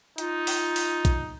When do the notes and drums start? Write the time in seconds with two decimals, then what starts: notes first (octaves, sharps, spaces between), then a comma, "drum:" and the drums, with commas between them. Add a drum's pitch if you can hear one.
0.18 D#4 F4, drum: hi-hat
0.47 drum: open hi-hat
0.76 drum: open hi-hat
1.05 drum: kick A#1, hi-hat